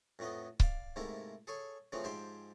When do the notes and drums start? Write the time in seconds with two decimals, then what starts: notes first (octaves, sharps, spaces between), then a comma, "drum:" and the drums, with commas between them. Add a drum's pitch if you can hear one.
0.19 F2 A2 A3 B3 D#5
0.60 D5 F5, drum: kick C#1
0.96 G#2 C3 A3 A#3 E4
1.47 G#4 A4 C#5 G#5
1.92 C#3 E3 F3 A3 C4
2.04 G#2 F3 G4 E5 G5 C6